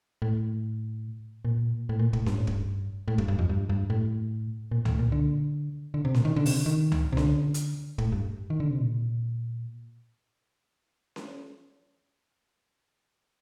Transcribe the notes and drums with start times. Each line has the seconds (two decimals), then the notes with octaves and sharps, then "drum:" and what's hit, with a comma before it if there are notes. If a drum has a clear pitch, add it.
0.22 A2
1.45 A#2
1.89 A2
1.99 A#2
2.13 A2, drum: kick
2.26 G2, drum: snare C#4
2.37 A2
2.47 G2, drum: kick
3.08 A2
3.18 G2, drum: kick
3.28 G2
3.39 F2
3.49 G2
3.69 G2
3.90 A2
4.71 A#2
4.85 A2, drum: tom C#2
4.99 A#2
5.12 D3
5.94 D3
6.05 C3
6.14 A#2, drum: snare C#4
6.25 D#3
6.36 D3
6.46 C3, drum: open hi-hat
6.56 D3
6.66 D#3
6.92 drum: tom C#2
7.12 C3
7.17 D3, drum: snare C#4
7.54 drum: hi-hat
7.98 A2, drum: kick
8.12 G2
8.50 D#3
8.60 D3
8.71 C3
8.80 A#2
11.16 drum: snare C#4